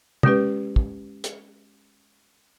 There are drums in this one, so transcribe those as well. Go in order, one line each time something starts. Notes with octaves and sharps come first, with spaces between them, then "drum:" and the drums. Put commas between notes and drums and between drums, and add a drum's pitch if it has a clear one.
G#3 C#4 G4 B4, drum: tom
drum: kick
drum: hi-hat